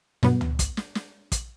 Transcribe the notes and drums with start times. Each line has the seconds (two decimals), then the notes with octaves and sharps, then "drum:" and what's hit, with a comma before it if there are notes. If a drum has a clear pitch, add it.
0.23 G2 B2 F#3 B3, drum: snare
0.41 drum: tom C#2
0.59 drum: kick, hi-hat
0.77 drum: snare
0.95 drum: snare
1.32 drum: kick, hi-hat